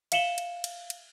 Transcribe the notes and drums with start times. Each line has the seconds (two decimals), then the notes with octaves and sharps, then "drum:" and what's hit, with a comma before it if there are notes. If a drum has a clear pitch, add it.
0.12 E5 F5 C#7 E7 F#7 G7, drum: cymbal
0.38 drum: cymbal
0.64 drum: cymbal
0.90 drum: cymbal